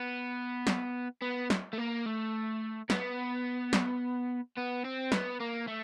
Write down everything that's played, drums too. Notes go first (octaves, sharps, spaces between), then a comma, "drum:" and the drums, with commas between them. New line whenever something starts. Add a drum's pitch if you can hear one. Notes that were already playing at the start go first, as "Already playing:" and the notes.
Already playing: B3
drum: snare
B3
drum: snare
A3
A#3
A3
B3, drum: snare
drum: snare
B3
C4
B3, drum: snare
A#3
A3